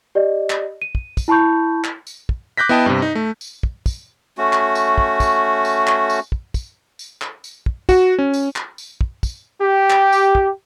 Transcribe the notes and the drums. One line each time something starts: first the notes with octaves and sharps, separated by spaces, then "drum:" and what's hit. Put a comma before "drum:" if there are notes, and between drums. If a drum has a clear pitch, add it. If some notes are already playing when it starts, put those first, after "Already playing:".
G4 D5 D#5
drum: clap
D#7
drum: kick
drum: kick, tambourine
E4 A5 B5 C#6 G6
drum: clap
drum: tambourine
drum: kick
D6 F#6 G6 A#6 B6
B3 E4 D#5 G5 A5
G2 C3
D#4
A3
drum: tambourine
drum: kick
drum: kick, tambourine
A3 C#4 F#4
drum: clap
drum: tambourine
drum: kick
drum: kick, tambourine
drum: tambourine
drum: clap
drum: tambourine
drum: kick
drum: kick, tambourine
drum: tambourine
drum: clap
drum: tambourine
drum: kick
F#4, drum: kick, tambourine
C#4
drum: tambourine
drum: clap
drum: tambourine
drum: kick
drum: kick, tambourine
G4
drum: clap
drum: tambourine
drum: kick